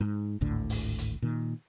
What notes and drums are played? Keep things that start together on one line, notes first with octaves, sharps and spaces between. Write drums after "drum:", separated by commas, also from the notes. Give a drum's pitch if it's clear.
G#2
G#1 D2 A2 D3
drum: open hi-hat
drum: hi-hat
A#2 D#3